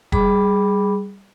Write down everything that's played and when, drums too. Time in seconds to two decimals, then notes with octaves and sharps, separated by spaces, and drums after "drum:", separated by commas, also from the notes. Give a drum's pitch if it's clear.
0.12 G3 G#4 B5 D6, drum: kick F1